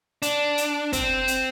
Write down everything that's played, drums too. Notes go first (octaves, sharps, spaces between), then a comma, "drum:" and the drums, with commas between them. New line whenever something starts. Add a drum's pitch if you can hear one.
D4, drum: hi-hat
drum: hi-hat
C4, drum: kick, hi-hat
drum: hi-hat